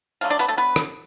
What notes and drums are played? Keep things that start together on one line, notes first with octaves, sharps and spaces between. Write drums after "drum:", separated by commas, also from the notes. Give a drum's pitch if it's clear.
D3 F#3 A3 F5
D4 D5
B3 B4, drum: hi-hat
A3 A4
B3 B4
drum: rim click